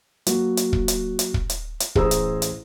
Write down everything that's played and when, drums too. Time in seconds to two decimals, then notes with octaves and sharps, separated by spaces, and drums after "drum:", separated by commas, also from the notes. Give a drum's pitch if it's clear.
0.26 F#3 A#3 F#4, drum: hi-hat
0.57 drum: hi-hat
0.73 drum: kick
0.88 drum: hi-hat
1.19 drum: hi-hat
1.34 drum: kick
1.50 drum: hi-hat
1.80 drum: hi-hat
1.95 A1 G#4 C5 A#5 D#6 E6, drum: kick
2.11 drum: hi-hat
2.42 drum: hi-hat